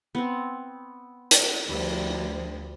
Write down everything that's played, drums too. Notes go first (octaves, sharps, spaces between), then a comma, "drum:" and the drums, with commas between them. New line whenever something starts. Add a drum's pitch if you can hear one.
B3 C4
drum: hi-hat
D2 F3 G3 E5